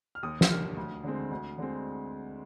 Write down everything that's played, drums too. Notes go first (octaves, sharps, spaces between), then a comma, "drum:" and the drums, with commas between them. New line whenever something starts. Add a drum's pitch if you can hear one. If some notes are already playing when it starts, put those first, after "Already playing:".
F6
D#2 D#6
drum: snare
D3 G3 A#3 F6
D2
D3 G#3 C4
D2
D3 G#3 C4